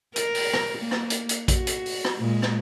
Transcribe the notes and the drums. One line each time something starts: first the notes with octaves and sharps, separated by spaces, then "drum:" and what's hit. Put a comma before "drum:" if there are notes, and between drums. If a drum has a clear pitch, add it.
A#4, drum: hi-hat
drum: open hi-hat
drum: rim click
A#3
drum: rim click
drum: hi-hat
drum: hi-hat
F#4, drum: kick A#1, hi-hat
drum: hi-hat
drum: open hi-hat
drum: rim click
A#2 G#3
drum: rim click